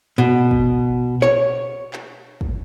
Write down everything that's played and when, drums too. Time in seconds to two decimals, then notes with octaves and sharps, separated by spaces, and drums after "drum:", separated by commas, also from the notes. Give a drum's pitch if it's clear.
0.18 B2
0.51 drum: kick
1.22 C#5, drum: clap
1.93 drum: clap
2.41 drum: kick